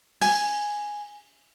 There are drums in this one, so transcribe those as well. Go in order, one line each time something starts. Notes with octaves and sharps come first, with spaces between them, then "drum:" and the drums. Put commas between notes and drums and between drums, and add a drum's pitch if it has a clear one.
G#5, drum: open hi-hat